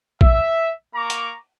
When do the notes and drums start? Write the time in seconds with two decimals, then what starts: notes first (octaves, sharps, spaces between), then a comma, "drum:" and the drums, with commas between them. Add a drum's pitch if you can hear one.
0.21 E5, drum: kick A#1
0.95 A#3 A#5 C#6 D6
1.10 drum: hi-hat